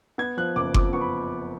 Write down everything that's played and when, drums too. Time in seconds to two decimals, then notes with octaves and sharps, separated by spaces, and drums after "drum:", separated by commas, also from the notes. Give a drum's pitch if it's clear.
0.18 B3 G#6
0.37 F3 F#6
0.56 F#1 D6
0.74 F2 D6, drum: kick F#1
0.93 B3 C#6
1.01 B5